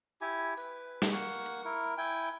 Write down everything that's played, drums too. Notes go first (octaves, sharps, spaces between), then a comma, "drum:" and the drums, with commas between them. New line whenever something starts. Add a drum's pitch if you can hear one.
E4 G4 G#5
B4, drum: open hi-hat
drum: snare
A#3 F#5 C#6
drum: hi-hat
E4 A#4
E4 G5 G#5